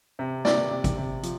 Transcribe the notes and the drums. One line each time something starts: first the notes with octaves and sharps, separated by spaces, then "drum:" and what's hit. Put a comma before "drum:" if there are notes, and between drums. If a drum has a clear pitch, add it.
C3
C3 D5, drum: snare
C3
drum: kick G#1, hi-hat
C3
F3, drum: hi-hat